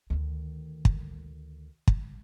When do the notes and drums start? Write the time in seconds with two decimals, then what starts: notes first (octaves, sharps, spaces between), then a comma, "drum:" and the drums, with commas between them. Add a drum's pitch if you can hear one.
0.10 D2 D#3
0.85 drum: kick
1.87 drum: kick